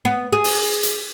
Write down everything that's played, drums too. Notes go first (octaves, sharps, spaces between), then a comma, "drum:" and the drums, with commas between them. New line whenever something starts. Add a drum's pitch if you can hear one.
B3
G#4
drum: open hi-hat
drum: hi-hat